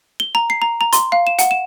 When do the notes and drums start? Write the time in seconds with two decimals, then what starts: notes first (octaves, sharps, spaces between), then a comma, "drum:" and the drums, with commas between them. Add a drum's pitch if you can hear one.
0.20 G7
0.35 A#5
0.50 C7
0.62 A#5
0.81 A#5
0.93 C6, drum: hi-hat
1.12 F5
1.27 E7
1.39 F#5, drum: hi-hat
1.51 E7